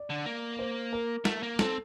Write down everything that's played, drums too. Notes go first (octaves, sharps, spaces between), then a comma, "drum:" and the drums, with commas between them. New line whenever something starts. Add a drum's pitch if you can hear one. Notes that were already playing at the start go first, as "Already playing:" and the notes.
Already playing: D5
D3
A#3
C5
A#4
A3, drum: snare
A#3
C4 A4, drum: snare